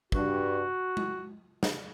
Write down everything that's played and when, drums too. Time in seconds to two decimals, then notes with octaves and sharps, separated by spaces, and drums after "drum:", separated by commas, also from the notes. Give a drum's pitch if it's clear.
0.12 G2 F#4, drum: kick
0.97 drum: tom G#3
1.63 drum: snare